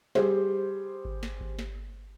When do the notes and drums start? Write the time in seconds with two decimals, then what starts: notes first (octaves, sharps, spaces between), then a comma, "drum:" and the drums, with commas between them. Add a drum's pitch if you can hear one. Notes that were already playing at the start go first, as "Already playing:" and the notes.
0.15 G3 G#4 C5, drum: snare
1.05 drum: kick G#1
1.23 drum: snare
1.41 drum: kick G#1
1.59 drum: snare